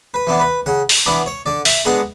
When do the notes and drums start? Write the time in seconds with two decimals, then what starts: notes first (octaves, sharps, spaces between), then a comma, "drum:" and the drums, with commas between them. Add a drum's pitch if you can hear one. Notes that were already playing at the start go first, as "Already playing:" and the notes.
0.14 B4
0.27 E3 B3 D4
0.40 B4
0.66 C#3 F#5
0.89 drum: open hi-hat
1.06 E3 B3 D4 D5
1.26 C#5
1.46 D3 D5
1.65 E5, drum: open hi-hat
1.85 G#3 B3 D4 F#5